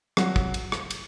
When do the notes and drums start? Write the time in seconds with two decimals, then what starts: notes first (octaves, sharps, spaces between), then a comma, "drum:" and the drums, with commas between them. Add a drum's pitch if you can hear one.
0.17 F#3, drum: rim click
0.36 drum: kick
0.54 drum: cymbal
0.72 drum: rim click
0.90 drum: cymbal